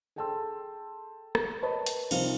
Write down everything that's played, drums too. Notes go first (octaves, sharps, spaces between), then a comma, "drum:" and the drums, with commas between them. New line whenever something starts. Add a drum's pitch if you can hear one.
G#4 A4 G5 A5 C6 E6
drum: rim click
A#4 B4 C#5 D#5 A5 B5
drum: hi-hat
C2 C3 F3 D#4 A#4 F5, drum: cymbal